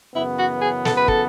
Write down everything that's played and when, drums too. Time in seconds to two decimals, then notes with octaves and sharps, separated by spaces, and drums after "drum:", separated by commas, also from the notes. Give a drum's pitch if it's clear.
0.15 F#2 C#3 E3 B3 E4
0.38 F#4
0.61 G#4
0.85 A4, drum: snare
0.97 B4
1.08 A4, drum: kick